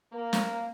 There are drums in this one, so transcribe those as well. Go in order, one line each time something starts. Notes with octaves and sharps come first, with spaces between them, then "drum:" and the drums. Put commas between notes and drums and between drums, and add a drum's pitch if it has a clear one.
A#3
drum: snare